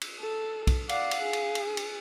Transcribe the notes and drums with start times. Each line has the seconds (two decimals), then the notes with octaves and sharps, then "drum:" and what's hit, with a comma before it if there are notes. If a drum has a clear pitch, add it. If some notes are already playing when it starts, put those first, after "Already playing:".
0.01 drum: cymbal
0.20 A4
0.67 drum: kick B1, cymbal
0.89 D5 F5 F#5, drum: cymbal
1.11 drum: cymbal
1.22 G#4
1.33 drum: cymbal
1.55 drum: cymbal
1.77 drum: cymbal